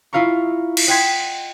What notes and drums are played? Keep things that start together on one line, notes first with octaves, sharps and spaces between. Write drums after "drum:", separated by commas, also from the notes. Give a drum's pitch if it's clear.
E4 F4 F5 A#5 C#6
drum: cymbal
D#5 F#5 G5 C6 G#6 B6